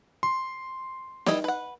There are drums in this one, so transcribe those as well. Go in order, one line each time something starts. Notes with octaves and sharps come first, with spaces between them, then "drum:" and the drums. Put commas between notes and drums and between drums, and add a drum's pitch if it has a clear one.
C6
G3 E4 D#5, drum: snare
B4 F#5